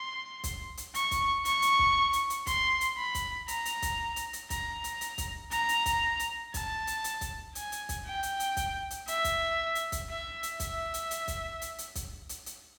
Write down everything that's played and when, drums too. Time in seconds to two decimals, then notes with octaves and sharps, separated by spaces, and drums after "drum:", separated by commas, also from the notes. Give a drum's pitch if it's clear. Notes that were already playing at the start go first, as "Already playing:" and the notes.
Already playing: C6
0.44 drum: kick, hi-hat
0.77 drum: hi-hat
0.94 C#6, drum: hi-hat
1.11 drum: kick, hi-hat
1.45 C#6, drum: hi-hat
1.62 drum: hi-hat
1.79 drum: kick
2.13 drum: hi-hat
2.30 drum: hi-hat
2.47 C6, drum: kick, hi-hat
2.81 drum: hi-hat
2.97 B5
3.15 drum: kick, hi-hat
3.48 A#5, drum: hi-hat
3.65 drum: hi-hat
3.82 drum: kick, hi-hat
4.16 drum: hi-hat
4.33 drum: hi-hat
4.50 A#5, drum: kick, hi-hat
4.84 drum: hi-hat
5.01 drum: hi-hat
5.18 drum: kick, hi-hat
5.51 A#5, drum: hi-hat
5.69 drum: hi-hat
5.86 drum: kick, hi-hat
6.19 drum: hi-hat
6.54 A5, drum: kick, hi-hat
6.87 drum: hi-hat
7.04 drum: hi-hat
7.21 drum: kick, hi-hat
7.55 G#5, drum: hi-hat
7.72 drum: hi-hat
7.89 drum: kick, hi-hat
8.05 G5
8.23 drum: hi-hat
8.40 drum: hi-hat
8.57 drum: kick, hi-hat
8.90 drum: hi-hat
9.08 E5, drum: hi-hat
9.24 drum: kick, hi-hat
9.75 drum: hi-hat
9.92 drum: kick, hi-hat
10.09 E5
10.43 drum: hi-hat
10.60 E5, drum: kick, hi-hat
10.94 drum: hi-hat
11.11 drum: hi-hat
11.28 drum: kick, hi-hat
11.62 drum: hi-hat
11.78 drum: hi-hat
11.95 drum: kick, hi-hat
12.29 drum: hi-hat
12.46 drum: hi-hat